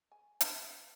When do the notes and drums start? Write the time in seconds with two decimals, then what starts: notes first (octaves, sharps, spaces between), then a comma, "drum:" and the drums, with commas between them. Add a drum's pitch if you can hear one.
0.12 G#5
0.41 G#4, drum: hi-hat
0.63 G5